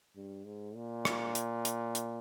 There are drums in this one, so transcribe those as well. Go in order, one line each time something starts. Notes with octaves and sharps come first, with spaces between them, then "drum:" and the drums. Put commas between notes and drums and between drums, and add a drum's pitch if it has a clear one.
G2
G#2
A#2
drum: rim click
drum: hi-hat
drum: hi-hat
drum: hi-hat